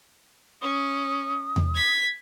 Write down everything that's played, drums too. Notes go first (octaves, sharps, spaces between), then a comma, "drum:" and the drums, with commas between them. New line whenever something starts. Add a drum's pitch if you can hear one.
C#4 D#6
drum: tom E2
G#6 B6